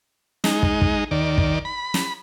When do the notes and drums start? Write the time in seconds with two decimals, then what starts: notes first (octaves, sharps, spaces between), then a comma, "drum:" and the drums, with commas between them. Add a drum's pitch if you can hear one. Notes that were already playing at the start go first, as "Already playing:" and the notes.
0.44 G#3 D#4, drum: snare
0.63 drum: kick
0.81 drum: kick
1.11 D#2 D#3 D5
1.38 drum: kick
1.65 B5
1.94 drum: snare